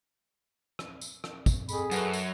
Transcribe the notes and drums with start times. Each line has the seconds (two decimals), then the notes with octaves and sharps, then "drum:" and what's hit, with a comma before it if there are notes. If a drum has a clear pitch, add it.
0.79 drum: rim click
1.01 drum: tambourine
1.24 drum: rim click
1.46 drum: kick, tambourine
1.69 F2 G#4 B5, drum: tambourine
1.91 F#2 A4 B4 F#5, drum: tambourine
2.13 drum: tambourine